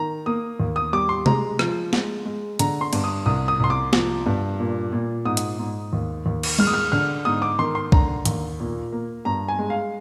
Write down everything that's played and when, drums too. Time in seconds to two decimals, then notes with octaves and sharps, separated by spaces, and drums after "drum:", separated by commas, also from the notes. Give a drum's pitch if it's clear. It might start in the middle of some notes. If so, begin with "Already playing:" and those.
Already playing: D#3 A#5
0.26 A#3 D#6
0.60 D#2
0.76 D#6
0.93 G3 D6
1.09 C6
1.26 G#3 A#5, drum: tom C3
1.59 F3, drum: rim click
1.93 G#3, drum: snare
2.25 G#3
2.59 D3 A#5, drum: hi-hat
2.81 C6
2.93 G2, drum: cymbal
3.04 D#6
3.26 C2 D#6
3.48 D#6
3.60 C2 C6
3.70 D6
3.93 F3, drum: snare
4.26 G2
4.60 A#2
4.92 A#2
5.25 G#2 D#6
5.37 drum: hi-hat
5.59 G#2
5.93 D#2
6.26 D#2
6.43 drum: cymbal
6.59 G#3 F6, drum: tom G3
6.67 D#6
6.74 F6
6.92 D3 F6
7.25 G#2 D#6
7.42 D6
7.59 D#3 C6
7.75 C6
7.92 D3 A#5, drum: kick C2
8.25 D#2, drum: hi-hat
8.60 A#2
8.92 A#3
9.25 G2 A#5
9.48 G#5
9.59 G#3
9.70 F5